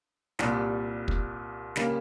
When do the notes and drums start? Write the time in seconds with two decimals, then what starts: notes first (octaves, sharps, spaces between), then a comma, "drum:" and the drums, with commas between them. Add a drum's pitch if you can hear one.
0.39 C2 A#2 G3, drum: snare
1.08 drum: kick
1.76 C#3 G3 A#3, drum: snare